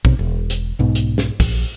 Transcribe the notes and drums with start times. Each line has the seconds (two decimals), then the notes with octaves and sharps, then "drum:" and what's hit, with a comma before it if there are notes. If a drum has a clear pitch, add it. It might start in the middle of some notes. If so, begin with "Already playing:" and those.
0.05 B1 C3, drum: kick
0.19 E1
0.50 drum: hi-hat
0.79 B1 G#2 B2
0.95 drum: hi-hat
1.18 drum: snare
1.40 A#1, drum: kick, open hi-hat